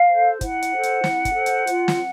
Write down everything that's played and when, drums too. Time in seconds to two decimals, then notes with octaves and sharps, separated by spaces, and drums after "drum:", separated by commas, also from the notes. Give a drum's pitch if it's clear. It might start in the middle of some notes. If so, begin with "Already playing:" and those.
Already playing: F5
0.10 A4 C5
0.41 E4 F#5, drum: kick, hi-hat
0.62 drum: hi-hat
0.73 A4 C5
0.83 drum: hi-hat
1.04 E4, drum: snare
1.25 drum: kick, hi-hat
1.35 A4 C5
1.46 drum: hi-hat
1.67 F4, drum: hi-hat
1.88 drum: snare